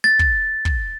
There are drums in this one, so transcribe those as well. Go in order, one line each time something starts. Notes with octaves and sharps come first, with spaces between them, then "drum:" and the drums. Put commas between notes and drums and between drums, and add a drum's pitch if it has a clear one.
A6
drum: kick
drum: kick